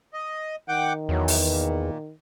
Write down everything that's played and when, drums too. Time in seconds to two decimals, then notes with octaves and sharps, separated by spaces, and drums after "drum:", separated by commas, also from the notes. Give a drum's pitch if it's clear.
0.13 D#5
0.69 D#3 F#5 G5 D6
1.09 E2 F#3
1.28 drum: open hi-hat
1.49 A#2